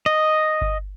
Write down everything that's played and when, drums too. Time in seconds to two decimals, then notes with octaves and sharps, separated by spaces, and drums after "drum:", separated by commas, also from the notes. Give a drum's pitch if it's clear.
0.06 D#5
0.61 drum: kick G1